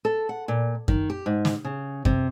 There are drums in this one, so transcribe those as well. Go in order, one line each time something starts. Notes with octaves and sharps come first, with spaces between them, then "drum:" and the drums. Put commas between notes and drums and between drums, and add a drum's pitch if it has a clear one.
A4
F#5
A#2
D#3, drum: kick F#2
G4
G#2
drum: snare
C#3
C3, drum: kick F#2